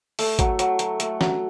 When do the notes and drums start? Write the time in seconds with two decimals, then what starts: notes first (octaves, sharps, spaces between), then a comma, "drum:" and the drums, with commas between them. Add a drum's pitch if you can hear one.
0.19 A3, drum: open hi-hat
0.39 F#3, drum: kick, hi-hat
0.59 F#3, drum: hi-hat
0.79 F#3, drum: hi-hat
1.00 A3, drum: hi-hat
1.21 F#3, drum: snare